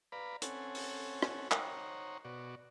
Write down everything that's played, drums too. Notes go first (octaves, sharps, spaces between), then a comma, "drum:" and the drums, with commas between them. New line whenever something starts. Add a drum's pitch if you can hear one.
B4 D5 F5 A#5 B5
C4 C#4 A4 C#5 F#5 G#5, drum: hi-hat
drum: open hi-hat
drum: rim click
D#4 C5 C#5 F#5 A#5 C#6, drum: clap
B2 F#4 D5 C#6